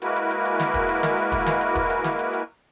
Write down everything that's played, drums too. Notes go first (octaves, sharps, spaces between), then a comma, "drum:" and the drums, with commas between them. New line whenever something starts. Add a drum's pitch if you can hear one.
G#3 A#3 E4 F#4 A#4 B4, drum: hi-hat
drum: hi-hat
drum: hi-hat
drum: hi-hat
drum: snare
drum: kick, hi-hat
drum: hi-hat
drum: snare
drum: hi-hat
drum: kick, hi-hat
drum: snare
drum: hi-hat
drum: kick, hi-hat
drum: hi-hat
drum: snare
drum: hi-hat
drum: hi-hat